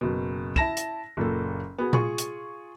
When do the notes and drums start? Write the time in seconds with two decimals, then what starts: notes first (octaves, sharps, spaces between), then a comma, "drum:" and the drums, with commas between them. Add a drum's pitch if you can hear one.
0.01 F#1 B2
0.56 E4 A5 A#6 E7, drum: kick
0.77 drum: hi-hat
1.17 F#1 A#2 A4
1.78 B3 F#4 G#4
1.93 F4 G#4 C#6, drum: tom A#2
2.18 drum: hi-hat